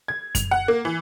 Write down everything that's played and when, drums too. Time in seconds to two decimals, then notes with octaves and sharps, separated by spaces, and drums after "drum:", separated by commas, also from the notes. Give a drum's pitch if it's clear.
0.08 G#6
0.35 F7, drum: kick F#2, hi-hat
0.51 F#5
0.68 A#3
0.85 E3